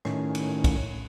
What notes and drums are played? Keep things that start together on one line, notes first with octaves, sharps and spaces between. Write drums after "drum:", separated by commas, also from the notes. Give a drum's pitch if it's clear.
A2 D#3 C#4, drum: rim click
drum: cymbal
drum: kick, cymbal